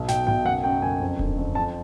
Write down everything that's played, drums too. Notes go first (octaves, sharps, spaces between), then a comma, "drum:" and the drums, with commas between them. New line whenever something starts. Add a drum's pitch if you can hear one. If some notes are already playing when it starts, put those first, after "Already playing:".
Already playing: B1
B2 G5, drum: snare
B1 G5
F#1 F#5
F#2 G5
F#1 G#5
F2
D3, drum: kick D#1
F2
F2 A5